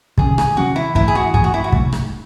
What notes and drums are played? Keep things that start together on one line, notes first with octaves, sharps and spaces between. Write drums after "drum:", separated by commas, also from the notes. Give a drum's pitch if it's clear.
C3 D#3 F#3 C#4 G#4, drum: kick
G#4, drum: rim click
C3 D#3 F#3 C#4 F#4
E4
G#2 E3 A3 E4, drum: kick
G#4
F#4
G#2 E3 A3 G#4, drum: kick
F#4
E4
F#4
C3 F#3 A3, drum: kick
drum: rim click